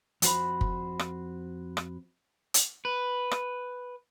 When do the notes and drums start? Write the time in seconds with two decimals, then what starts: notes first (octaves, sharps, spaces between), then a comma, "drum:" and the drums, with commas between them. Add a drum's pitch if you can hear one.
0.22 F2 F#4 C5 B5, drum: hi-hat
0.61 drum: kick
0.99 drum: rim click
1.77 drum: rim click
2.54 drum: hi-hat
2.85 B4
3.31 drum: rim click